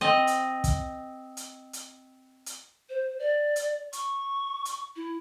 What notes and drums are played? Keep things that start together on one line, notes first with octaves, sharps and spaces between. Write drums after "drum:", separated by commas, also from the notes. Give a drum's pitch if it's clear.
C4 D#5
drum: hi-hat
drum: kick, hi-hat
drum: hi-hat
drum: hi-hat
drum: hi-hat
C5
D5
drum: hi-hat
C#6, drum: hi-hat
drum: hi-hat
E4